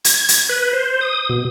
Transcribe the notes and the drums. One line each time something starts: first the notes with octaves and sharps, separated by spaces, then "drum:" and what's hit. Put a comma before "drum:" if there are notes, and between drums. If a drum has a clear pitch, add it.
G#6, drum: hi-hat
drum: hi-hat
B4
C5
D#6
B2